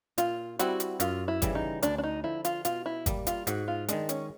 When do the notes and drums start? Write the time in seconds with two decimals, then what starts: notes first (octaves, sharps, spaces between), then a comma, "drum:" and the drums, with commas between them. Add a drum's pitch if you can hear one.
0.18 A#2 F4, drum: hi-hat
0.59 G3 C4 E4 F#4, drum: hi-hat
0.80 drum: hi-hat
1.00 F#2 F4, drum: hi-hat
1.28 E4
1.42 C#3 E3 G3, drum: kick, hi-hat
1.55 D#4
1.82 D2 D4, drum: hi-hat
1.98 D4
2.03 D#4
2.24 D3 F3 E4
2.45 F4, drum: hi-hat
2.65 B2 F4, drum: hi-hat
2.86 E4
3.06 G3 A#3, drum: kick, hi-hat
3.27 F4, drum: hi-hat
3.47 G#2 F#4, drum: hi-hat
3.68 F4
3.88 D#3 G#3 D4, drum: hi-hat
4.09 C#4, drum: hi-hat